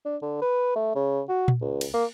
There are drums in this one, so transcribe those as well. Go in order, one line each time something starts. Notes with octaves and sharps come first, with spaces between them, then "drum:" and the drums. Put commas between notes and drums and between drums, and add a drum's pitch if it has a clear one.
D4
D3
B4
A3
C#3
F#4
drum: tom A#2
C#2
drum: cymbal
A#3